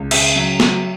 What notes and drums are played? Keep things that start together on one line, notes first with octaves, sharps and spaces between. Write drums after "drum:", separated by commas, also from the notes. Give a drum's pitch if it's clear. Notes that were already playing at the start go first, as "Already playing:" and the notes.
Already playing: C#2
C#3 E5, drum: cymbal
F#3
F#3, drum: snare